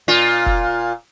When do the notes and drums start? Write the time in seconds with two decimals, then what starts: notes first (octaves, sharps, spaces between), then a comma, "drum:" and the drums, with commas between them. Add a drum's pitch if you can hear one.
0.08 A#2 F4
0.46 drum: kick F1